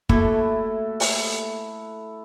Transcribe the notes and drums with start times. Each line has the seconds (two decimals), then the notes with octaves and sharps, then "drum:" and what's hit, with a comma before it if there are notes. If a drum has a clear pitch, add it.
0.09 A3 A#3 E4 F#4 A4, drum: kick
1.00 drum: open hi-hat